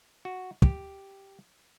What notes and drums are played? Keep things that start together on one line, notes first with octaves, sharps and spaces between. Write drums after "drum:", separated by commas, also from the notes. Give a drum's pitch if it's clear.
F#4
G4, drum: kick